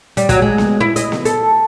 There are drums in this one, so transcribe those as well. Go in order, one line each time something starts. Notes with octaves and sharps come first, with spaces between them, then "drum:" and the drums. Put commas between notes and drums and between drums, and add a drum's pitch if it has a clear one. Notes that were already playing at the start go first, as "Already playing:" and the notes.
G3, drum: hi-hat
F#3, drum: kick, hi-hat
G#3
drum: snare B3
E4
D#5, drum: hi-hat
drum: snare B3
A4, drum: hi-hat